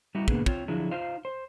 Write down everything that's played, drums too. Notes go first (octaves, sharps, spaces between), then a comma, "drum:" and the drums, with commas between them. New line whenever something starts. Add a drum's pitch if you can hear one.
G3 D#4 E4 F#4
G#2 B2 D3 A#3 B3 G#4, drum: kick
C4 F4 C#5, drum: kick
D3 F3 F#3 D4 E4 G#4
D#4 F4 C5 F5
C5